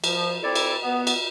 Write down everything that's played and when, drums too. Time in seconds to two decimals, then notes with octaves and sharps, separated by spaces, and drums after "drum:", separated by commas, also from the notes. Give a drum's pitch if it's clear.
0.04 F3, drum: cymbal
0.42 C4 E4 A4 D5
0.55 drum: cymbal
0.82 B3
1.07 drum: cymbal